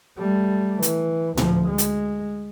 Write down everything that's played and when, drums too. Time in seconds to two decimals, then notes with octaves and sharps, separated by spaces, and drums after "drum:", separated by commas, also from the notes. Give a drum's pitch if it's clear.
0.18 G3 A3
0.82 E3, drum: hi-hat
1.37 D2 F3, drum: tom A2
1.68 G#3
1.78 drum: hi-hat